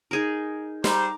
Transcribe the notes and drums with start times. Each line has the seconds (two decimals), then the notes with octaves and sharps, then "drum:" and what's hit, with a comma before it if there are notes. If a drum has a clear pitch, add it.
0.11 D#4 G#4 A#4
0.84 G3 G4 C5 A#5 D6, drum: snare